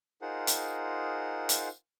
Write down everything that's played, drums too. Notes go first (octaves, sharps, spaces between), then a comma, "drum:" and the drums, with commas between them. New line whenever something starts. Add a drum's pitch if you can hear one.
D#4 F4 G#4 A#4 C5 F#5
drum: hi-hat
drum: hi-hat